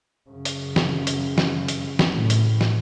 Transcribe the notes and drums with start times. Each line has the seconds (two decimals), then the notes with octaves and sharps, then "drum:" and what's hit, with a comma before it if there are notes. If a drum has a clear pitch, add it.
0.30 F#2 C#3
0.45 drum: hi-hat
0.76 drum: snare
1.07 drum: hi-hat
1.38 drum: snare
1.68 drum: hi-hat
1.99 drum: snare
2.14 A2
2.30 drum: hi-hat
2.61 drum: snare